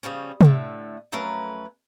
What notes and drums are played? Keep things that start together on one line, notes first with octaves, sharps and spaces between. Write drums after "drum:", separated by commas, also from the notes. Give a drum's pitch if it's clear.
C#3 F3 G3 C#4
A2 D3 A3, drum: tom
F2 F#3 A3 C#4 A#4 B4